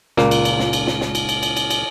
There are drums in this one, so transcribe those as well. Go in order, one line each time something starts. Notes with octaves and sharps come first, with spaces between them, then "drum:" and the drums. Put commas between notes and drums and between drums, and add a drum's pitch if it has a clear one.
C#2 A#2 A#3, drum: snare
drum: cymbal
drum: cymbal
drum: snare
drum: cymbal
drum: snare
drum: snare
drum: cymbal
drum: cymbal
drum: cymbal
drum: cymbal
drum: cymbal